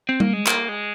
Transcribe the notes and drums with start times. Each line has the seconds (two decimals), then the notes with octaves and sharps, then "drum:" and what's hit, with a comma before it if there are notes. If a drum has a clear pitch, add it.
0.09 C4
0.20 A#3, drum: tom G3
0.33 G#3
0.47 A#3, drum: clap
0.68 G#3